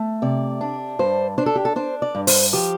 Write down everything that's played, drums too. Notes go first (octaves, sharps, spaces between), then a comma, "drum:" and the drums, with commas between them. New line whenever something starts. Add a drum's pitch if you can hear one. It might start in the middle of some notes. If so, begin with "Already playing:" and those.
Already playing: A3
C3 D5
D4
G2 C5
D4 C5
A4
G4
A4
D4 C5
D5
G2
C5, drum: open hi-hat
F3 G4